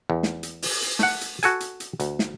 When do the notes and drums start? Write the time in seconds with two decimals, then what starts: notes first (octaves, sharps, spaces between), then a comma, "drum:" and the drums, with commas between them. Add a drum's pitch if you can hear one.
0.10 E2
0.23 drum: snare
0.43 drum: hi-hat
0.62 drum: open hi-hat
0.82 drum: hi-hat
0.99 A3 F#5, drum: snare
1.21 drum: hi-hat
1.43 F#4 A4 G#5, drum: hi-hat
1.60 drum: hi-hat
1.80 drum: hi-hat
2.00 D2, drum: hi-hat
2.19 drum: snare